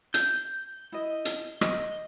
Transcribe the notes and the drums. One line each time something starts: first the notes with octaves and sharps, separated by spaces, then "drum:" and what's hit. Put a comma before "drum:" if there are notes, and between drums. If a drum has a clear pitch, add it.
G6, drum: hi-hat
E4 D#5
drum: hi-hat
D#5, drum: rim click